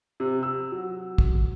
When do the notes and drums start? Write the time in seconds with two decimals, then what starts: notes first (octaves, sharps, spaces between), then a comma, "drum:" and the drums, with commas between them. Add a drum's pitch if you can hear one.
0.20 C3
0.43 E6
0.72 F#3
1.18 drum: kick